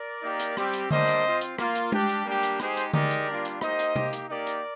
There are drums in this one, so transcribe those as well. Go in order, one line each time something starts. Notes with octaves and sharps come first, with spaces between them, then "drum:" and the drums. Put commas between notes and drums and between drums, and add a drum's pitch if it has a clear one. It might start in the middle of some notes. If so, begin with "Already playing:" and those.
Already playing: A#4 D5
A#3 D#4 G4
drum: hi-hat
G3 C4 G4, drum: rim click
drum: hi-hat
G3 A#3 D4 C5 D#5, drum: tom D3
drum: hi-hat
C4 F4
drum: hi-hat
A#3 F4, drum: rim click
drum: hi-hat
G3 D4 G4, drum: tom G#3
drum: hi-hat
G3 A#3 D4 G4
drum: hi-hat
G#3 D#4 G4 G#4 C5, drum: rim click
drum: hi-hat
G#3 D#4 G4 A#4 D5, drum: tom D3
drum: hi-hat
G3 A#3 D4 F4
drum: hi-hat
A#3 D#4 G4 C5 D#5, drum: rim click
drum: hi-hat
A#3 D#4 G4, drum: tom C3
drum: hi-hat
A#3 D#4 G4 A#4 D5
drum: hi-hat